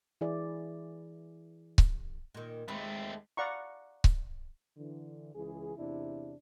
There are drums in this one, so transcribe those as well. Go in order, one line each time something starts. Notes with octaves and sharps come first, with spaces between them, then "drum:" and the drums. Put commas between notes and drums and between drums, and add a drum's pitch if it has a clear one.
E3 E4 G#4 D5
drum: kick C#1
A#2 D#3
D#2 G#3 A3 C4 B4
D5 F5 F#5 A#5 B5 C#6
drum: kick C#1
D3 E3
C#2 E3 G#4
E2 C3 D4 E4